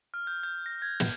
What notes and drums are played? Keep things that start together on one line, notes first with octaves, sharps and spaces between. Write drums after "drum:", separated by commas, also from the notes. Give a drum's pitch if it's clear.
F6
G6
G6
A#6
G#6
drum: snare